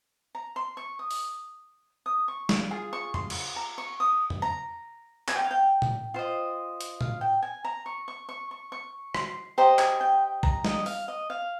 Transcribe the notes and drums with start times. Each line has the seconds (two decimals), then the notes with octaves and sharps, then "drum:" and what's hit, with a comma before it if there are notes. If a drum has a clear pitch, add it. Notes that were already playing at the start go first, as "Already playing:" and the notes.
0.35 A#5
0.56 C6
0.77 C#6
0.99 D#6
1.11 drum: open hi-hat
2.06 D#6
2.28 C#6
2.49 drum: snare
2.71 F4 G#4
2.93 C#6
3.14 C6, drum: tom F2
3.30 drum: cymbal
3.56 A#5
3.78 C#6
4.00 D#6
4.30 drum: tom F2
4.42 A#5
5.29 G#5, drum: clap
5.36 G5
5.44 F5
5.51 G5
5.82 drum: tom A#2
6.14 F4 C5 D#5
6.81 drum: hi-hat
7.01 F5, drum: tom A#2
7.21 G5
7.42 G#5
7.64 A#5
7.86 C#6
8.08 C#6
8.29 C#6
8.51 C#6
8.72 C#6
9.14 C6, drum: rim click
9.58 G4 C5 D#5 A#5
9.79 G#5, drum: clap
10.01 G5
10.43 A#5, drum: kick A#1
10.65 D#5, drum: snare
10.86 F5, drum: open hi-hat
11.08 D#5
11.30 F5